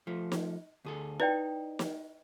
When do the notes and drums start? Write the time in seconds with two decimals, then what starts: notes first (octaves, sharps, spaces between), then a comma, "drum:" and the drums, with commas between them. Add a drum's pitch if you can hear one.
0.07 F3 A3
0.32 drum: snare
0.85 D2 G#4 A4
1.20 D#4 E4 B4 D5 G5
1.79 drum: snare